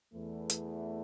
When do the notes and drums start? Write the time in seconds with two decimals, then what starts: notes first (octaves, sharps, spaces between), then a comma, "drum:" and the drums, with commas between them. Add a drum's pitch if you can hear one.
0.14 E2 E3 A3
0.50 drum: hi-hat